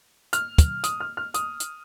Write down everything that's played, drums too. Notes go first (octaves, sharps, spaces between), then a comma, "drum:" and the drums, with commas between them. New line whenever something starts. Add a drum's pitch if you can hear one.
F6, drum: hi-hat
drum: kick, hi-hat
D#6, drum: hi-hat
F6
F6
D#6, drum: hi-hat
drum: hi-hat